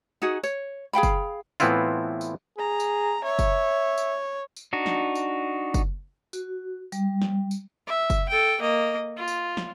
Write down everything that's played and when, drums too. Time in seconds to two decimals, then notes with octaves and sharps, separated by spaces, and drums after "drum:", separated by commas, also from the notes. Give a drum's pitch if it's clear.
0.22 D#4 F#4 G#4
0.43 C#5, drum: tambourine
0.93 G#4 F5 G5 B5
1.03 drum: kick F#1, tambourine
1.60 A2 E3 B3 C4 E4 F4, drum: tambourine
2.21 drum: tambourine
2.59 G#4 A#5
2.80 drum: tambourine
3.24 C#5 E5
3.39 drum: kick F#1, tambourine
3.98 drum: tambourine
4.56 drum: tambourine
4.73 D4 D#4 F#4
4.86 drum: snare
5.15 drum: tambourine
5.74 drum: kick F#1, tambourine
6.33 F#4, drum: tambourine
6.92 G3, drum: tambourine
7.22 drum: snare
7.51 drum: tambourine
7.87 E5
8.10 drum: kick F#1, tambourine
8.29 A4 G5
8.61 A#3 D#5
9.17 F4
9.28 drum: tambourine
9.57 drum: snare